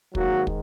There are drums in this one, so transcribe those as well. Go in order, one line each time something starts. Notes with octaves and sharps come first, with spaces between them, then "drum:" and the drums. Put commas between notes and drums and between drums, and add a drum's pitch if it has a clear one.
G#2 D#3 F#3 A#3 F#4, drum: kick
drum: kick